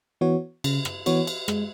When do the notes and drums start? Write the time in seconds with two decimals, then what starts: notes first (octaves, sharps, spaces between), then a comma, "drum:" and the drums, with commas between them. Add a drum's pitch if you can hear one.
0.21 E3 B3 F#4 C#5
0.64 C#3, drum: cymbal
0.85 drum: rim click
1.06 E3 B3 F#4 C#5, drum: cymbal
1.27 drum: cymbal
1.48 G#3, drum: rim click